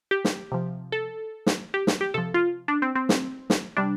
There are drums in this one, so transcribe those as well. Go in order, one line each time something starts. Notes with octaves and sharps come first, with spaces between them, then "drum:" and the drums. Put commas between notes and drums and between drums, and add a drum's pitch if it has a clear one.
G4
drum: snare
C3 F3
A4
drum: snare
G4
drum: snare
G4
C3 F3 A4
F4
D4
C4
C4
drum: snare
drum: snare
C3 G3 D4